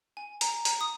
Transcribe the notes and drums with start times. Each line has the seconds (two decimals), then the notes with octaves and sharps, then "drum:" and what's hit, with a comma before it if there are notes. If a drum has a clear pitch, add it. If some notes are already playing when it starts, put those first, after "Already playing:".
0.17 G#5
0.41 A#5, drum: hi-hat
0.65 A#5, drum: hi-hat
0.81 D#6